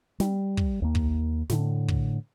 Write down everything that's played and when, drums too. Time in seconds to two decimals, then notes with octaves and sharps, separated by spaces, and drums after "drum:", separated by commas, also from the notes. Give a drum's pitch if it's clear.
0.20 G3, drum: snare
0.57 drum: kick
0.82 D#2 A#3
0.95 drum: kick
1.50 A2 D3, drum: snare
1.88 drum: kick